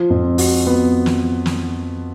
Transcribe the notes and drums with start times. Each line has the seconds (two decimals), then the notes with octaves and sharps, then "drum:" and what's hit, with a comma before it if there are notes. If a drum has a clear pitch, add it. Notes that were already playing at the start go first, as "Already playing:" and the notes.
Already playing: F3
0.10 F2
0.38 F#4, drum: open hi-hat
0.67 B3
1.06 drum: snare
1.46 drum: snare